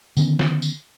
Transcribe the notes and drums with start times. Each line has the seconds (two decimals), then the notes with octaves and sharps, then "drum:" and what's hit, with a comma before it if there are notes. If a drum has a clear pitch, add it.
0.17 D3 D#3 B3 C#4, drum: tambourine
0.39 drum: snare
0.62 drum: tambourine